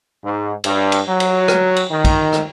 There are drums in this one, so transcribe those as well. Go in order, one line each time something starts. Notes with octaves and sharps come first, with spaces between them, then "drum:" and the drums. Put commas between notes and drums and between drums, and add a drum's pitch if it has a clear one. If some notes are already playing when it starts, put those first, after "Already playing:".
G#2
G2, drum: cymbal
drum: cymbal
F#3
drum: cymbal
drum: rim click
drum: cymbal
D#3
drum: kick, cymbal
drum: rim click